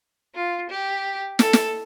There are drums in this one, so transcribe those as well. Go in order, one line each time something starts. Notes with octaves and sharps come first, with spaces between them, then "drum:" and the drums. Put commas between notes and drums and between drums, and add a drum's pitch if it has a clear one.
F4
G4
A4, drum: snare
drum: snare